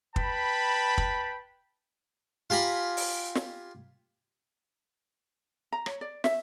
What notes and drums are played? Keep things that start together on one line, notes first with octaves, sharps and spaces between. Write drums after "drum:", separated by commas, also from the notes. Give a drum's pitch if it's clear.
B4 G5 A5 B5, drum: kick
drum: kick
F4 G4 G#5 A#5 B5
drum: open hi-hat
drum: snare
A#5
C#5, drum: rim click
D5
E5, drum: snare